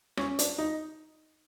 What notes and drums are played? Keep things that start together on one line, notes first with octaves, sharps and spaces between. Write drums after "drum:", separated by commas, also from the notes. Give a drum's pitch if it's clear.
C#4, drum: rim click
D4, drum: hi-hat
D#4